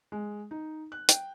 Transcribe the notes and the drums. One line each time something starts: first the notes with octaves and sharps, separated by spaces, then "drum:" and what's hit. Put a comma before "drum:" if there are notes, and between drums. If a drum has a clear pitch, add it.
G#3
D#4
F#6
G5, drum: hi-hat